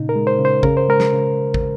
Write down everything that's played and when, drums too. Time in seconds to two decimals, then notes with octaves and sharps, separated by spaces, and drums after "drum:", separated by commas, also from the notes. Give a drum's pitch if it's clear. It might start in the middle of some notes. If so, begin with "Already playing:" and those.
Already playing: A#2 C#3 D#4
0.09 A#4
0.15 G#3
0.27 C5
0.39 C#3
0.45 C5
0.63 C#3 A#4, drum: kick
0.77 C5
0.88 G#3 A#4
1.00 drum: snare
1.12 C#3
1.54 drum: kick